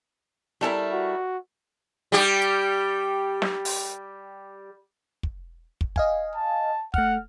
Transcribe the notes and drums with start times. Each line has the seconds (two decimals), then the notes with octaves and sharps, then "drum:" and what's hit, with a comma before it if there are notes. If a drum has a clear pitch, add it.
0.61 G3 A3 E4 A4 A#4 G#5
0.93 F#4
2.12 G3 G4
2.41 drum: hi-hat
3.42 drum: snare
3.65 drum: open hi-hat
5.23 drum: kick
5.81 drum: kick
5.96 D#5 F5 G#5, drum: kick
6.35 A5
6.94 A3 F#5 F6, drum: kick